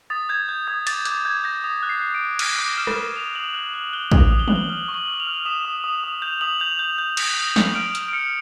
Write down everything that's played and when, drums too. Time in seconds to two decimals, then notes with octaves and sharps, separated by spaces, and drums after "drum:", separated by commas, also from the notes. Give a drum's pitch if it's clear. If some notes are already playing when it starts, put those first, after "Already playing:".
0.10 D#6 A6
0.29 G6 G#6
0.49 G6
0.67 D#6 G#6
0.87 D6 A6, drum: cymbal
1.05 D6 G6, drum: hi-hat
1.25 G6 G#6
1.44 G6 A#6
1.64 D#6
1.83 F#6
1.89 C7
2.02 F#6
2.14 D7
2.21 F#6
2.39 F6 D#7, drum: cymbal
2.59 D6
2.78 F6 E7
2.87 drum: rim click
2.98 F6
3.16 D#6 F7
3.35 D#6 F#7
3.54 F#6 F#7
3.74 F#6 F#7
3.93 F#6 G7
4.12 D#6, drum: kick
4.31 D#6
4.39 G7
4.48 F#6 F#7, drum: tom
4.56 G7
4.69 F6 F#7
4.88 C#6
4.94 F#7
5.07 F6
5.20 F7
5.27 F6
5.45 D#6 E7
5.65 D#6
5.84 D#6
6.04 D#6
6.22 G6 F7
6.41 D#6 F#7
6.60 G6 F7
6.79 G6
6.98 G6
7.17 D#6, drum: cymbal
7.37 D#6
7.56 G6, drum: snare
7.75 F6 D7
7.95 F6, drum: hi-hat
8.08 D7
8.13 F6 C#7